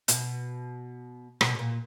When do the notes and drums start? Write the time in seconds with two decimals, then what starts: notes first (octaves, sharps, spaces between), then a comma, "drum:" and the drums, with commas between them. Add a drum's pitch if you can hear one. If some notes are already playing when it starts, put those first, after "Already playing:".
0.08 B2, drum: hi-hat
1.41 B2, drum: rim click
1.55 B2
1.59 A#2